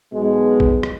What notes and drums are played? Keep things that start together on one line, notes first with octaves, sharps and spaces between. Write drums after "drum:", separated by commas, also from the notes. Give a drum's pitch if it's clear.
B1 B2 G#3
drum: kick A#1
drum: rim click